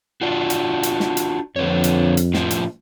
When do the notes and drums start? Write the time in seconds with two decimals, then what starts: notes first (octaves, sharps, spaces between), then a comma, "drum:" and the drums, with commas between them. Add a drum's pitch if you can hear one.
0.21 D4 F4 F#4
0.50 drum: hi-hat
0.83 drum: hi-hat
1.00 drum: snare
1.17 drum: hi-hat
1.56 F2 D3 B4 C#5
1.84 drum: hi-hat
2.17 drum: hi-hat
2.34 A2 F3 F4, drum: snare
2.51 drum: hi-hat